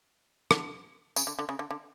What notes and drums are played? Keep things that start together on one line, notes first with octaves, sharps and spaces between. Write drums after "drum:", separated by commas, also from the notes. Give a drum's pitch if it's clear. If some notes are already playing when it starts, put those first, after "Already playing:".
D3, drum: rim click
C#3, drum: tambourine
D3
D3
C#3
D3
D3